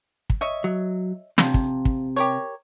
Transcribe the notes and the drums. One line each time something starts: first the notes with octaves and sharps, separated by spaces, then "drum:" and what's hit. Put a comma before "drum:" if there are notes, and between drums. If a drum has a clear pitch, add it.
drum: kick
C#5 D#5 E5
F#3
C3 F3, drum: snare
drum: kick
drum: kick
G4 A#4 C#5